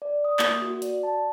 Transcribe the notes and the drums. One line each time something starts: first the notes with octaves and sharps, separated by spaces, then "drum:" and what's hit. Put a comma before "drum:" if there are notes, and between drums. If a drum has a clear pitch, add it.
D5
D#6
A#3, drum: clap
F#4
D5, drum: hi-hat
A5